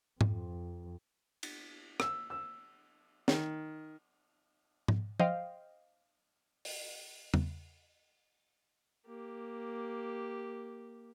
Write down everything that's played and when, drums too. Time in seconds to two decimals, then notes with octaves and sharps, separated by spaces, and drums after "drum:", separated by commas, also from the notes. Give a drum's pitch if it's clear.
0.21 F2, drum: tom G#2
1.43 drum: cymbal
2.00 E6, drum: rim click
2.30 E6
3.28 D#3, drum: snare
4.88 drum: tom G#2
5.20 C5 D#5 F5 G5, drum: tom F3
6.65 drum: open hi-hat
7.34 drum: tom E2
9.06 A#3 G4